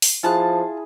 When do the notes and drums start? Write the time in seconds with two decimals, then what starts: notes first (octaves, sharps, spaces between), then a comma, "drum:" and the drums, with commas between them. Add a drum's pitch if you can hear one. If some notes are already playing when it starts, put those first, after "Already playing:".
0.02 drum: open hi-hat
0.23 F3 E4 F4 G#4 A5 F#6